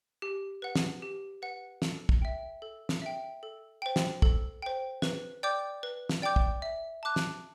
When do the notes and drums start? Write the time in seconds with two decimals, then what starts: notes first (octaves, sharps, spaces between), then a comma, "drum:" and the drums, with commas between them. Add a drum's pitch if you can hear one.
0.22 G4
0.62 B4 F#5
0.75 drum: snare
1.02 G4
1.42 B4 F#5
1.82 A4, drum: snare
2.09 drum: kick
2.22 E5 G5
2.62 A4
2.89 drum: snare
3.02 E5 G5
3.43 A4
3.82 C5 G5
3.96 drum: snare
4.22 A4, drum: kick
4.62 C5 G5
5.02 B4, drum: snare
5.43 D5 G5 D6 G6
5.83 B4
6.09 drum: snare
6.22 D5 G5 D6 G6
6.36 drum: kick
6.62 E5
7.03 A5 D6 F#6
7.16 drum: snare